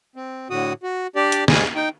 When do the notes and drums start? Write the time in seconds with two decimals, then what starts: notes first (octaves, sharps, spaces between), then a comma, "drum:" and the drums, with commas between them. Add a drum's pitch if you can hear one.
0.16 C4
0.50 A2 D3 F#4 D#6
0.83 F#4
1.16 D4 G4 D5
1.32 drum: hi-hat
1.48 D#2 G#2 G3 G#4 G#5, drum: snare
1.75 D#4 G5